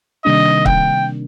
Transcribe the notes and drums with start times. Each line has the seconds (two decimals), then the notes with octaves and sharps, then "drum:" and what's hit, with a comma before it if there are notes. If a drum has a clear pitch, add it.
0.25 C3 D#3 G3 A#3 D4 D#5
0.66 G5, drum: kick C#1